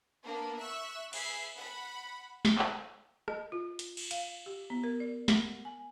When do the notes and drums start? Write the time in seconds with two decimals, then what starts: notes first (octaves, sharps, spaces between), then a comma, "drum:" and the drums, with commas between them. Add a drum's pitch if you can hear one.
0.24 A#3 B3 D4 A#4
0.59 E5 C#6 E6 F#6
1.13 G#4 B4 E5 B5 C7, drum: cymbal
1.56 F#5 B5
2.45 drum: snare
2.58 drum: clap
3.28 D#5, drum: rim click
3.52 F4
3.79 drum: hi-hat
3.97 drum: cymbal
4.11 F5, drum: hi-hat
4.46 G4
4.70 B3
4.84 A#4
5.00 D5
5.28 F#5, drum: snare
5.65 G#5